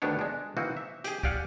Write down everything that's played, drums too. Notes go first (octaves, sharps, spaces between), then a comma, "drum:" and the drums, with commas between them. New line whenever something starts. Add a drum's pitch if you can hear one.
D2 D#3 B3 D4 C#5
G#3 D4
E3 A#3 C4 D#4 F#4
E5
G4 G#4, drum: hi-hat
G4 D5 F5 F#5 G#5, drum: kick